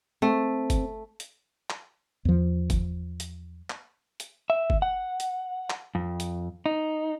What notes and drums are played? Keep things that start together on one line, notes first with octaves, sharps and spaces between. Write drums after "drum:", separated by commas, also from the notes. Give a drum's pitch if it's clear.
A3 C4
drum: kick G1, hi-hat
drum: hi-hat
drum: clap
E2 F3
drum: kick G1, hi-hat
drum: hi-hat
drum: clap
drum: hi-hat
E5
drum: kick G1
F#5
drum: hi-hat
drum: clap
F2
drum: hi-hat
D#4